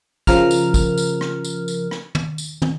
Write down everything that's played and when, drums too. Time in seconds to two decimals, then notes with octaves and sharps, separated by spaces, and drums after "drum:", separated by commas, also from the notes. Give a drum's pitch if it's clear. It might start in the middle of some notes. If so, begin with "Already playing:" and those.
0.27 C#3 F3 A#4 F6, drum: kick, tambourine
0.51 drum: tambourine
0.74 drum: kick, tambourine
0.98 drum: tambourine
1.21 drum: rim click
1.44 drum: tambourine
1.68 drum: tambourine
1.91 drum: rim click
2.15 drum: tom
2.38 drum: tambourine
2.62 drum: tom